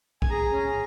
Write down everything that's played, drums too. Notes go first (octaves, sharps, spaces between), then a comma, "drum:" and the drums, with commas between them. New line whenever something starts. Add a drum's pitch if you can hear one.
G#5, drum: kick
G#4 A#5
C#4